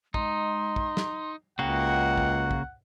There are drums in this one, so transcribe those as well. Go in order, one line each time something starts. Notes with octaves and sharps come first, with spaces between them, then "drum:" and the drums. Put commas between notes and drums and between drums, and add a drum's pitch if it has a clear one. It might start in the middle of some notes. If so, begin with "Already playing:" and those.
G#3 D#4 C6, drum: kick
drum: kick
drum: snare
C#2 C#3 A#3 F#4 F#5 G5
drum: kick
drum: kick